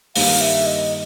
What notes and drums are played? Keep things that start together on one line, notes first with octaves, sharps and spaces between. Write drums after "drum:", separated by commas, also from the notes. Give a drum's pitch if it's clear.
G2 D#3 G3 A#3 F5, drum: open hi-hat
E5
D#5